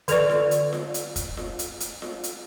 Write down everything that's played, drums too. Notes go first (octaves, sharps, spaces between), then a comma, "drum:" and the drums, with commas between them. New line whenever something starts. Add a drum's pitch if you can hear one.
D3 A4 B4 D5 C#6, drum: hi-hat
drum: snare F4
drum: hi-hat
drum: snare F4
drum: hi-hat
drum: kick, hi-hat
drum: snare F4
drum: hi-hat
drum: hi-hat
drum: snare F4
drum: hi-hat